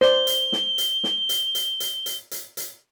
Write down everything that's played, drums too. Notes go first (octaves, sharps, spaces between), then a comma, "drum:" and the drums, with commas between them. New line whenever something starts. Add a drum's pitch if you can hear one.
C5 D5 G7, drum: snare
drum: hi-hat
drum: snare
drum: hi-hat
drum: snare
drum: hi-hat
drum: hi-hat
drum: hi-hat
drum: hi-hat
drum: hi-hat
drum: hi-hat